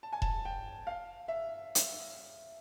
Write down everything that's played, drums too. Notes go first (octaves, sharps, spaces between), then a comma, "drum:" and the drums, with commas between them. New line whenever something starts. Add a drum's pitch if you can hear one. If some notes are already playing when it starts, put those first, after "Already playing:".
A5
G#5
A5, drum: kick E1
G5
F5
E5
drum: hi-hat